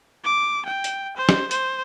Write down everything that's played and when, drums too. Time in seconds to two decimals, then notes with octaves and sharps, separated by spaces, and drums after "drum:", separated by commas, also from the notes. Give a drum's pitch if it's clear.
0.24 D6
0.65 G5
0.84 drum: hi-hat
1.17 C5
1.29 drum: snare
1.51 C5, drum: hi-hat